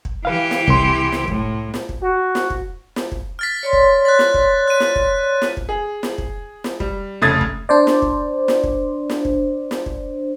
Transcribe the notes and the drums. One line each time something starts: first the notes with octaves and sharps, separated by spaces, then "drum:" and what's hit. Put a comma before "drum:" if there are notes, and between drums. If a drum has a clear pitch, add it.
drum: kick
E3 G4 B4 F5
drum: snare
C2 C6, drum: kick
drum: snare
A2, drum: kick
drum: snare
drum: kick
F#4
drum: snare
drum: kick
drum: snare
drum: kick
F6 A6 B6
C#5 D5 C6
drum: kick
F#6 A6
drum: snare
drum: kick
F#6 D#7
drum: snare
drum: kick
drum: snare
drum: kick
G#4
drum: snare
drum: kick
drum: snare
G3, drum: kick
F1 C#3 A3 D#6 G#6 A6
drum: kick
D4 C5 D5
drum: snare
drum: kick
drum: snare
drum: kick
drum: snare
drum: kick
drum: snare
drum: kick